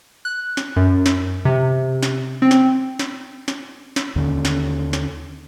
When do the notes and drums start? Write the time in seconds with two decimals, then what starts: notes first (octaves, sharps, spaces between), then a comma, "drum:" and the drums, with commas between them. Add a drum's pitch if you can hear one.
0.25 F#6
0.57 drum: snare
0.76 F#2
1.06 drum: snare
1.45 C3
2.03 drum: snare
2.42 C4
2.51 drum: snare
2.99 drum: snare
3.48 drum: snare
3.96 drum: snare
4.16 D#2 D3 C#4
4.45 drum: snare
4.93 drum: snare